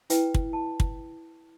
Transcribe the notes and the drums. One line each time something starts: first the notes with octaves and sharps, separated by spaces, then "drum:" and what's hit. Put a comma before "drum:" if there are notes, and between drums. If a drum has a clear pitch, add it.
E4 B4 G5, drum: hi-hat
drum: kick
A5
drum: kick